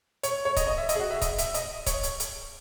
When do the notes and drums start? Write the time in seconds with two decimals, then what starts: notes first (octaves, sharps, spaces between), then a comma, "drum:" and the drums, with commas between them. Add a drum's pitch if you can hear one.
0.23 C#5, drum: hi-hat
0.45 C#5
0.57 D#5, drum: kick C#1, hi-hat
0.67 D#5
0.78 E5
0.89 D#5, drum: hi-hat
0.95 G#4
1.00 F#4
1.11 E5
1.22 D#5, drum: kick C#1, hi-hat
1.39 E5, drum: hi-hat
1.54 D#5, drum: hi-hat
1.86 C#5, drum: kick C#1, hi-hat
2.03 drum: hi-hat
2.20 drum: hi-hat